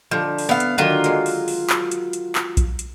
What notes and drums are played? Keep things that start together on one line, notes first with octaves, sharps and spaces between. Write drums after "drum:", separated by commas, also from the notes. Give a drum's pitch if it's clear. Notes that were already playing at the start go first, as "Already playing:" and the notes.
D3 F3 G3 D#4
drum: open hi-hat
B3 E5 F5
drum: hi-hat
D3 D#3 F#3 F4 G4
G#3 A#3, drum: hi-hat
drum: open hi-hat
drum: open hi-hat
drum: clap
drum: hi-hat
drum: hi-hat
drum: clap
drum: kick A#1, hi-hat
drum: hi-hat